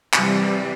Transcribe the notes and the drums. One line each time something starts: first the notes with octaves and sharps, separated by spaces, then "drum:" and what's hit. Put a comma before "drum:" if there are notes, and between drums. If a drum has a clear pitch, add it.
C3 E3 G3, drum: clap